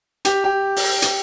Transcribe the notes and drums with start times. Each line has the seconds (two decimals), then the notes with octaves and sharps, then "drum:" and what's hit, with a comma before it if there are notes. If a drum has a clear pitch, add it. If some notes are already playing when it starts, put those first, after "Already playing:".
0.25 G4, drum: hi-hat
0.44 G4
0.76 drum: open hi-hat
1.02 drum: hi-hat